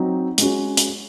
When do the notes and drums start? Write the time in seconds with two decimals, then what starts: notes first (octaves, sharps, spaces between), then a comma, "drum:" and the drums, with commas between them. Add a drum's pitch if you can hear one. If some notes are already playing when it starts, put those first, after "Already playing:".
Already playing: F#3 C4 D#4
0.38 G#3 C#4 F#4, drum: hi-hat
0.77 drum: hi-hat